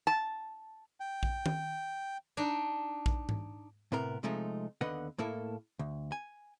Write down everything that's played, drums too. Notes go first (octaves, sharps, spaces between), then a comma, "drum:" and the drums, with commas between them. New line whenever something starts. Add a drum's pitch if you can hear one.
A5
G5
drum: kick A#1
drum: tom D#3
D4 D#4
drum: kick A#1
drum: tom G#2
A2 C3 B3 A#4
C3 F3 G#3 A3 D#4
D#2 D3 B3 B4 D#5 F#5
A2 A#3 E4 A4
D2
G#5